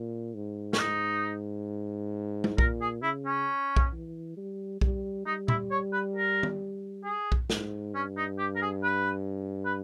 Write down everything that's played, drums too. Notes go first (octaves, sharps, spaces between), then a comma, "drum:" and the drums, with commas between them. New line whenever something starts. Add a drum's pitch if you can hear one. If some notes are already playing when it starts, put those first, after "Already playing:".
Already playing: A#2
G#2
C#4, drum: snare
D#4
drum: tom G#3
A#2 A#4, drum: kick B1
G#4
C#3 E4
C#4
drum: kick B1
E3
G3
G3, drum: kick B1
G3 D#4
E4, drum: tom A#2
C#5
B4
A#4
drum: tom
G#4
drum: kick B1
G#2, drum: snare
G2 C#4
D#4
G4
A#4
G#4
B4
B4